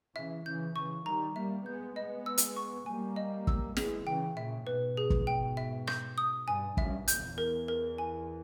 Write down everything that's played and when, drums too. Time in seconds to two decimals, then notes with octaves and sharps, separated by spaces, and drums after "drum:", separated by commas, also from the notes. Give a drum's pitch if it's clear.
0.16 C#3 E3 E5
0.45 C#3 E3 G6
0.75 C#3 E3 C#6
1.06 D#3 G3 A#5
1.36 G3 A#3 E5
1.66 G#3 B3 G6
1.96 G#3 B3 D#5
2.26 E6
2.38 drum: hi-hat
2.56 C#6
2.86 G3 A#3 G#5
3.16 D#5
3.47 E6, drum: kick
3.77 E3 G#3 G#4, drum: snare
4.07 C#3 E3 G5
4.37 A#2 C#3 E5
4.67 G#2 B2 B4
4.97 G#4
5.10 drum: kick
5.27 G5
5.57 E5
5.87 G6, drum: rim click
6.18 D#6
6.48 G2 G#5
6.77 G2 E5, drum: kick
7.08 E2 G6, drum: hi-hat
7.38 A#4
7.68 A#4
7.98 G#5